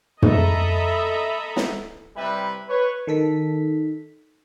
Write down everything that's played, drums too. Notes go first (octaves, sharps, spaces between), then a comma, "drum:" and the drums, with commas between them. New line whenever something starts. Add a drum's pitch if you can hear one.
A4 D#5 E5 A#5 B5, drum: tom
drum: snare
C3 G3 E4 B4
B4 C#5
D#3 A4 B6